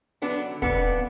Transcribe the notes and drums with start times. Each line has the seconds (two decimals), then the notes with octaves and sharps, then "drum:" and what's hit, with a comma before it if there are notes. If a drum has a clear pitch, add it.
0.22 F#3 B3 D4
0.48 D3
0.62 B3 D4, drum: kick
0.75 F2